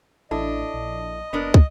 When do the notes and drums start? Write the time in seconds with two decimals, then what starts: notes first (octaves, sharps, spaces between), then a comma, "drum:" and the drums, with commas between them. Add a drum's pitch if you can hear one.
0.31 A1 D4 E4 A4 D#5
0.74 A#1
1.33 F#1 B3 D4 A#4
1.54 drum: kick